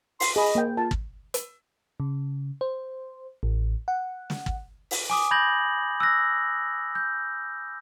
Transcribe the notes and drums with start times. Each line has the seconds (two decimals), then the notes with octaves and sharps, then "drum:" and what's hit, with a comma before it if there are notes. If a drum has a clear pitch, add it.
0.20 C6, drum: open hi-hat
0.36 G#4 D#5 B5
0.55 A#3 G5
0.77 F4 A5
0.91 drum: kick
1.34 drum: hi-hat
2.00 C#3
2.61 C5
3.43 A1
3.88 F#5
4.30 drum: snare
4.46 drum: kick
4.91 drum: open hi-hat
5.10 G#5 D6 D#6
5.31 B5 G6 G#6 A#6 F#7
6.00 E6 F#6 A#6
6.95 G6